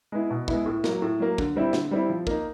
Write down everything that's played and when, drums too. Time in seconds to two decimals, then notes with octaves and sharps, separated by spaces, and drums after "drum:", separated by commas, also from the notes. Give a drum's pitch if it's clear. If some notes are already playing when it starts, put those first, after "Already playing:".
0.12 G#3 B3 E4
0.30 B2
0.48 G#3 B3 E4, drum: kick
0.66 A2
0.84 F#3 A#3, drum: snare
1.02 A2
1.20 F#3 A#3
1.38 D3, drum: kick
1.56 G3 C4 E4
1.73 D3, drum: snare
1.91 G3 C4 E4
2.09 F3
2.27 A#3 D#4, drum: kick